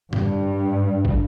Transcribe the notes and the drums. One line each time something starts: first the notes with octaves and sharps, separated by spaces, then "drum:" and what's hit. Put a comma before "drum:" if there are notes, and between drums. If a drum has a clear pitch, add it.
G2, drum: tom D3
drum: kick